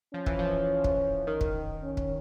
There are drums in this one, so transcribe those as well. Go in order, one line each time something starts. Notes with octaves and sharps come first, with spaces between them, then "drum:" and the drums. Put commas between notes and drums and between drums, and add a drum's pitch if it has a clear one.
F3 C#4
E3, drum: kick
F3
drum: kick
D#3
drum: kick
C#4
drum: kick